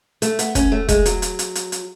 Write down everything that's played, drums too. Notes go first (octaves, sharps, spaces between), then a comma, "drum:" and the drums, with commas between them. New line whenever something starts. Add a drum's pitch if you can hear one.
A3, drum: hi-hat
B3, drum: hi-hat
C#4, drum: kick, hi-hat
A3
G#3, drum: kick, hi-hat
F#3, drum: hi-hat
drum: hi-hat
drum: hi-hat
drum: hi-hat
drum: hi-hat